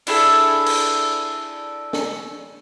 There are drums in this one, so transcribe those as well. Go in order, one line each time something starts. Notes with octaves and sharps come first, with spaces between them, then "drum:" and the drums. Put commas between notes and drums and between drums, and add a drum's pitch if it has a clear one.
D4 E4 G#4 A4, drum: cymbal
drum: cymbal
drum: snare